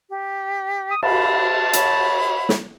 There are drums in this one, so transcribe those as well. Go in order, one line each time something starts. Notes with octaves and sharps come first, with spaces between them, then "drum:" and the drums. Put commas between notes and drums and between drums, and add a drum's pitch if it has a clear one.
G4
D#6
F5 A5 B5, drum: cymbal
C#5 B5, drum: hi-hat
drum: snare